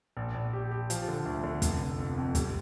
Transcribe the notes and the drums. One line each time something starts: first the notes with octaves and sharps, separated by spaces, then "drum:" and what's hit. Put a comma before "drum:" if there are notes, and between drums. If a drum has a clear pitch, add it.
A#1
A#1
G4
G4
F3, drum: hi-hat
D3
D2
D3
F1, drum: kick, hi-hat
F1
F2
F2
G3, drum: kick, hi-hat